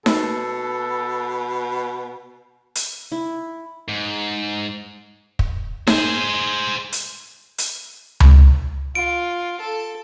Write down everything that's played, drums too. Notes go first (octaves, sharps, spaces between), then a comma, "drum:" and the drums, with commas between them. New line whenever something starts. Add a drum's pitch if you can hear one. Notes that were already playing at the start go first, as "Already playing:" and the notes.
B2 A4, drum: snare D#4
drum: hi-hat
E4
G#2
drum: kick
G#4 C5, drum: snare D#4
drum: hi-hat
drum: hi-hat
drum: tom C#2
F4 D7
A4